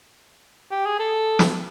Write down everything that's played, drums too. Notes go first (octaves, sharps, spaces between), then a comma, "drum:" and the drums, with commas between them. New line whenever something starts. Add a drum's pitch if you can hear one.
G4
G#4
A4
drum: snare